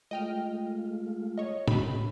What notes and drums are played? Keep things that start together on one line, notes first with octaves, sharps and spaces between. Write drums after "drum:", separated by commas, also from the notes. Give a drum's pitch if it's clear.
G#3 A3 F4 D#5 G5 F6
C#5 D#5
B5, drum: tom